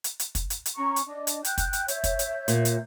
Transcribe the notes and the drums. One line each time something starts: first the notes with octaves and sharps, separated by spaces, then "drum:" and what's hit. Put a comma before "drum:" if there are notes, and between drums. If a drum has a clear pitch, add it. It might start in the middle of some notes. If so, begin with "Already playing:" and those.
drum: hi-hat
drum: hi-hat
drum: kick, hi-hat
drum: hi-hat
drum: hi-hat
C#4 A#5 C#6
drum: hi-hat
D4 D#5
drum: hi-hat
G5 F#6 G6, drum: hi-hat
drum: kick, hi-hat
drum: hi-hat
C#5 E5 G6, drum: hi-hat
drum: kick, hi-hat
drum: hi-hat
A#2, drum: hi-hat
drum: hi-hat